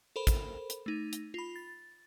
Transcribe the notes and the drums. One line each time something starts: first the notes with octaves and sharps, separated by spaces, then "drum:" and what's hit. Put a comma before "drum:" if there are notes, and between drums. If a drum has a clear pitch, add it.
A4 A#4 C5 B5
drum: kick, hi-hat
drum: hi-hat
A3 D#4
drum: hi-hat
F4 B5
A6